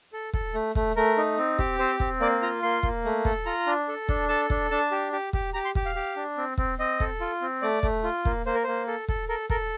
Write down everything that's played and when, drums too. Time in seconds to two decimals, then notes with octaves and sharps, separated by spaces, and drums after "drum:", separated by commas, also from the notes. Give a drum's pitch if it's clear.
0.13 A4
0.33 A4, drum: kick
0.54 A3
0.75 A3, drum: kick
0.96 A3 A#4
1.17 D#4
1.38 C4
1.59 G4, drum: kick
1.79 C4 C5
2.00 C4, drum: kick
2.20 A#3 D5
2.42 F4 A#5
2.62 A#3 C6
2.83 A#3, drum: kick
3.05 A3
3.25 A4, drum: kick
3.46 F4 A#5
3.66 D4
3.88 A4
4.09 D4, drum: kick
4.29 A4 A5
4.50 D4, drum: kick
4.71 D4 A5
4.91 G4
5.12 G4
5.33 G4, drum: kick
5.54 G4 A#5
5.65 C6
5.75 G4, drum: kick
5.86 F5
5.95 G4
6.16 D4
6.37 C4
6.58 C4, drum: kick
6.79 C4 D#5
7.00 A4, drum: kick
7.20 F4
7.41 C4
7.62 A3 D5
7.83 A3, drum: kick
8.03 F4
8.25 A#3, drum: kick
8.46 A#3 C5
8.54 A#4
8.64 A#3 C5
8.87 A4
9.08 A4, drum: kick
9.29 A4 A#4
9.50 A4 A#4, drum: kick